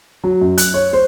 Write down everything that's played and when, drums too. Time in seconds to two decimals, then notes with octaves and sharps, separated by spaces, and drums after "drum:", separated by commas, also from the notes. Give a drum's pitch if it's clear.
0.24 F#3
0.41 F#2
0.58 F#6, drum: hi-hat
0.74 C#5
0.93 C5